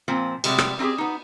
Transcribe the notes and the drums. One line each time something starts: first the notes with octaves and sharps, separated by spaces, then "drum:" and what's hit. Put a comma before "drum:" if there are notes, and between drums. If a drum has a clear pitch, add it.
A#2 F3 C4
C3 G3 G#3 B3, drum: cymbal
drum: rim click
C4 D#4 E4 G4 G#4
B3 D#4